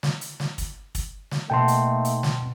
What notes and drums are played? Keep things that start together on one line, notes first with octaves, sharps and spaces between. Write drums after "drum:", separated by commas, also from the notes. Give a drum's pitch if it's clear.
drum: snare
drum: hi-hat
drum: snare
drum: kick, hi-hat
drum: kick, hi-hat
drum: snare
B2 A3 A#3 D#4 F#5 G5 A5 C6
drum: hi-hat
drum: hi-hat
drum: snare